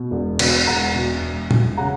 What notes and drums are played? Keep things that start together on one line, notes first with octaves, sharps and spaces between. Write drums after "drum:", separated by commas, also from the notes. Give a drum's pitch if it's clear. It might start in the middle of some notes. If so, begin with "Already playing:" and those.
Already playing: B2
E1
B2, drum: cymbal
E1 F#5 A#5
B2
E1
E1, drum: tom A#2
C#3 F#5 A#5